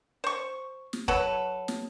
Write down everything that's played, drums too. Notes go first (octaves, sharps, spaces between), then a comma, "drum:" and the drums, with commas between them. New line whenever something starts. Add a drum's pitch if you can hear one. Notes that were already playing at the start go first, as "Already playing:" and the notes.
C5 C#6
drum: snare
F#3 F#4 A4 B4, drum: kick
drum: snare